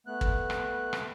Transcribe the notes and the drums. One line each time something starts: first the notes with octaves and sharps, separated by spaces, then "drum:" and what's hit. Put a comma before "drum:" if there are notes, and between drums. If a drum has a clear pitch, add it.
A3 B3 F#6
drum: kick
drum: rim click
drum: rim click